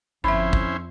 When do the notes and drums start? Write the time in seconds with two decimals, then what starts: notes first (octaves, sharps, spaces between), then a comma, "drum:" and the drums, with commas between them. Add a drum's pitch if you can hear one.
0.24 G1 F2 C#4 E4 C5 E5 B5
0.53 drum: kick